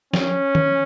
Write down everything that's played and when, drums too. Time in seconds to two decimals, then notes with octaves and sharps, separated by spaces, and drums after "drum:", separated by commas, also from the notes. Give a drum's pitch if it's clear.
0.13 C#4, drum: snare
0.55 drum: tom